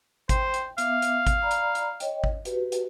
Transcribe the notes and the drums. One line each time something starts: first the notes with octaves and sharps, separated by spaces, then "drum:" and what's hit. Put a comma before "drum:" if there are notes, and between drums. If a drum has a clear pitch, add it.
C5 G5, drum: kick G#1, hi-hat
drum: hi-hat
B3 E5 F5 D6, drum: hi-hat
drum: hi-hat
drum: kick G#1, hi-hat
D5 A#5 B5
drum: hi-hat
drum: hi-hat
C#5 D#5 G5, drum: hi-hat
drum: kick G#1
F#4 G4 B4, drum: hi-hat
drum: hi-hat